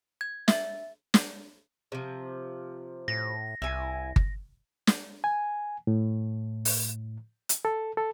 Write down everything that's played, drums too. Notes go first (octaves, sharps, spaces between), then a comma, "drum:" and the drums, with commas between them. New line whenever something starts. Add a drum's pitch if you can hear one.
G#6
E5, drum: snare
drum: snare
C3 F3
A2 A#6
C2 E4 G#5
drum: kick G1
drum: snare
G#5
A2
drum: open hi-hat
drum: hi-hat
A4
A4